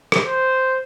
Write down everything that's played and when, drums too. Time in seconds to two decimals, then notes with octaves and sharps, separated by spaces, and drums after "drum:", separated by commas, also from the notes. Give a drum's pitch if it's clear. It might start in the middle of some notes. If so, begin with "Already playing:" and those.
0.12 drum: rim click
0.25 C5